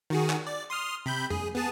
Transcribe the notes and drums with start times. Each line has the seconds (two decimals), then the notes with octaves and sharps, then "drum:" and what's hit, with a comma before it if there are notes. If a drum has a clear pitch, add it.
0.10 D#3 F#4 G#4
0.30 drum: clap
0.47 D5
0.70 C6 D#6 F6
1.06 C3 B5 G6
1.30 G#4, drum: tom F2
1.55 B3 G#4 A5